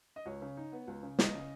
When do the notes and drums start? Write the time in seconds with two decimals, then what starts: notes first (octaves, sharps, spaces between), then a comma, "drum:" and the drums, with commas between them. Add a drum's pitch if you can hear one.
0.16 D#5
0.26 C#2 C#5
0.42 C#3
0.57 D#4
0.72 B3
0.87 C#2
1.03 C#3
1.19 C#2 D#5, drum: snare
1.34 C#3